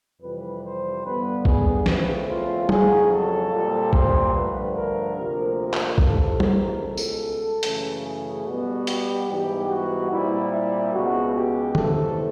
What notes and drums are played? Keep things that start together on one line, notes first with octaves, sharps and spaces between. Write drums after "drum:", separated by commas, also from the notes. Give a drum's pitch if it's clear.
F2 C3 E3 G3 B4
C5
G2 D3 G3 B3 B4
G#4, drum: kick
E2 C#3 F3 A3 C4 B4, drum: snare
F4
F2 C#3 F#3 G#4, drum: tom
A4
A#2 G3 C4
C5, drum: kick
G2 D3 F3 A3 B4
A#4
D2 C3 F3 A#3 A#4
A#4
drum: clap
C#2 C3 E3 A4, drum: kick
A#4, drum: tom
C#2 B2 G#3 A4
drum: tambourine
F#2 C#3 E3 A3, drum: hi-hat
G#4
B2 G3 B3 F#4
G4, drum: hi-hat
G#2 E3 G3 B3 G4
F#4
A#2 G3 C4 E4
E4
C#2 B2 G#3 B3 F#4
G4
E2 C3 E3 A3 A4, drum: tom